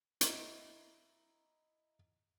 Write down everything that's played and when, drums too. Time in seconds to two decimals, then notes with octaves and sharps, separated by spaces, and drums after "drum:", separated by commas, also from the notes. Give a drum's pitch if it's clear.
0.21 E4 D#5 A#5, drum: hi-hat